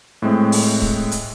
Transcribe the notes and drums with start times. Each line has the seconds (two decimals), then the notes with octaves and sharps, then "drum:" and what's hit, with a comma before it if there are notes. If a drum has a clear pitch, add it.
0.22 A2 G#3 C4
0.52 drum: open hi-hat
0.82 drum: kick C#1
1.11 drum: hi-hat